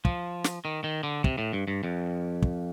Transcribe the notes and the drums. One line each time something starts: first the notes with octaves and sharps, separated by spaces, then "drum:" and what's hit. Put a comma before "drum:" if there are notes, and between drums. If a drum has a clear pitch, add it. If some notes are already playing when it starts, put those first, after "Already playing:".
F3, drum: kick
drum: snare
D#3
D#3
D3
C3, drum: kick
A2
G2
G2
F2
drum: kick